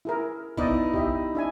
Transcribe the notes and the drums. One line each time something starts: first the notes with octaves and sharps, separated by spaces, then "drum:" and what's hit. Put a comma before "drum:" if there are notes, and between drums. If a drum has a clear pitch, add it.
E4 G#4 A#4
B3 D#4 E4 D5 D#5, drum: kick A#1
G4 D#5 E5, drum: kick A#1
D4 E5 G#5